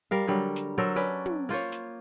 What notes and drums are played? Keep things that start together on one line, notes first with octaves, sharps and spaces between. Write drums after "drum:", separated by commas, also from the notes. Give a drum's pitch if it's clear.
G3 A#4 F5
D3 F#3 G3
drum: snare
F#3 A4 A#4 C5
C#4 B4 D5
drum: tom
A#3 F4 C5 C#5
drum: snare